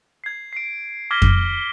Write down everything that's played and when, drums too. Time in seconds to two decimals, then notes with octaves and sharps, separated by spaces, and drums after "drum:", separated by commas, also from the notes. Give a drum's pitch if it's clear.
0.24 G#6 C7
0.53 C7 D7
1.11 D6 F6 G#6 A#6 B6 G7
1.22 drum: kick F2